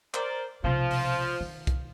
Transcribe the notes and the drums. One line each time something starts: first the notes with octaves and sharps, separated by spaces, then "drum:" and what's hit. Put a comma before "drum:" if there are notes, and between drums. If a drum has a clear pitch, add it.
A#4 C5 D5, drum: clap
B1 C3 F3
drum: open hi-hat
D#3
drum: kick B1, hi-hat